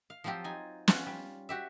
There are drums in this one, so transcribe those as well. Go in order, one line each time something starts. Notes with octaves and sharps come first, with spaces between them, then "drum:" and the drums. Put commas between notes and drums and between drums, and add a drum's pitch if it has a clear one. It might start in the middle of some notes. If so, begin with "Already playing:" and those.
F5
F3 F#3 C4 F4 G4
D#4 G#5
C#4 F4 F5 F#5, drum: snare
G3
F#4 G4 E5